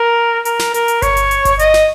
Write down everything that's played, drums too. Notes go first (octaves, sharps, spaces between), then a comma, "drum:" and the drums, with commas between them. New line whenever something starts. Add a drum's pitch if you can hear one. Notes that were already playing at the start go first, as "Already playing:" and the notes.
Already playing: A#4
A#4, drum: hi-hat
drum: snare
A#4, drum: hi-hat
drum: hi-hat
C#5, drum: kick G1, hi-hat
drum: hi-hat
drum: hi-hat
drum: kick G1, hi-hat
D#5, drum: hi-hat
drum: snare